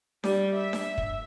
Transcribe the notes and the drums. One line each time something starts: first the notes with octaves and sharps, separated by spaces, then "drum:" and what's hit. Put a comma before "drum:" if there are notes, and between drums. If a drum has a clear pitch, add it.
G3, drum: snare D4
E5
drum: snare D4
drum: kick